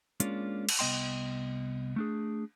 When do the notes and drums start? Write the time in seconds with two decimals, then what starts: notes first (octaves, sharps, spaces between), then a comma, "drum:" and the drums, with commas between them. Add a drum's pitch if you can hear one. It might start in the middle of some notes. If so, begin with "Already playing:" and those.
0.20 G#3 A#3 C#4 D4 F4, drum: hi-hat
0.69 drum: cymbal
0.79 C2 B3 D#5 G5 C6
1.96 A3 D4 G#4